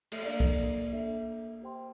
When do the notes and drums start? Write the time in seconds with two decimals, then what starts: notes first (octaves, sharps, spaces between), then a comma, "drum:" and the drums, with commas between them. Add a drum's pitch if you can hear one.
0.12 A3, drum: cymbal
0.23 A#3 D4 A4 D5 F5
0.40 drum: kick
0.93 D4 A4 E5
1.62 G4 C5 G5 C6